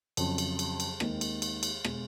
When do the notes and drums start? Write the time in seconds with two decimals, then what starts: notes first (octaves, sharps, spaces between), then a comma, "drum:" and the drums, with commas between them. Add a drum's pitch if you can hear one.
0.17 F2 C#3 F#3, drum: cymbal
0.38 drum: cymbal
0.59 drum: cymbal
0.80 drum: cymbal
1.00 D#2 D#3 G#3 C4, drum: rim click
1.21 drum: cymbal
1.42 drum: cymbal
1.63 drum: cymbal
1.84 B2 G#3, drum: rim click